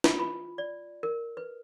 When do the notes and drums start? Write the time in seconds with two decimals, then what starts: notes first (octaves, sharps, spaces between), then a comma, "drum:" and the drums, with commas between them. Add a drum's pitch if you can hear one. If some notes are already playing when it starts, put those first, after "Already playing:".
0.04 F4, drum: snare
0.19 B5
0.58 D5
1.03 A#4
1.37 B4